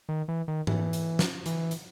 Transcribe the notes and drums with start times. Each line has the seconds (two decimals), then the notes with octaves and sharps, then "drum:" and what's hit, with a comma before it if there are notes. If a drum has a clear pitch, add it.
0.09 D#3
0.28 E3
0.48 D#3
0.67 E3, drum: tom G#2
0.93 drum: hi-hat
1.19 drum: snare
1.46 E3, drum: hi-hat
1.71 drum: hi-hat